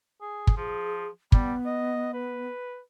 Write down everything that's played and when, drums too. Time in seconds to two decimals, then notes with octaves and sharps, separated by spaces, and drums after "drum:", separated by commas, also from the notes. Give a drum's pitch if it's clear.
0.21 G#4
0.47 drum: kick
0.57 F3 G#4
1.32 G3 B3, drum: kick
1.66 D#5
2.13 B4